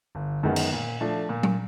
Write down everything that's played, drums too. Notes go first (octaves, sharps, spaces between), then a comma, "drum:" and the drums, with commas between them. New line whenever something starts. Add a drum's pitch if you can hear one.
G1
F#2 D#3 G#3 B3
drum: cymbal
A#2
F3 A3 D4
A#2
drum: tom F#3